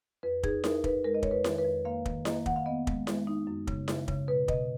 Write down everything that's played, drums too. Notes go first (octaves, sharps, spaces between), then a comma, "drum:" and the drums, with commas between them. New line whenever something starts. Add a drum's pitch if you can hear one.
F2 B4
D#4 G#4, drum: kick
D#4 A#4, drum: snare E4
D#4 B4, drum: kick
G#3 A#4
D#5
F2 C#5, drum: kick
B4
D#3, drum: snare E4
B4
F2
A#3 F5
D#3, drum: kick
A#3 D#5, drum: snare E4
D#3 F#5, drum: kick
F5
B3 D#5
G#3, drum: kick
G#3, drum: snare E4
D#4
F#2
C#3, drum: kick
C#3, drum: snare E4
C#3, drum: kick
B2 B4
B2 D#5, drum: kick